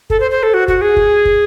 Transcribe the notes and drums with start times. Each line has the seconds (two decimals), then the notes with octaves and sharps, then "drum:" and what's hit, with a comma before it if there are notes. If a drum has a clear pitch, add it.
0.10 A4, drum: kick
0.20 C5
0.31 C5
0.43 A4
0.54 F#4
0.68 F#4, drum: kick
0.81 G#4
0.96 drum: kick
1.25 drum: kick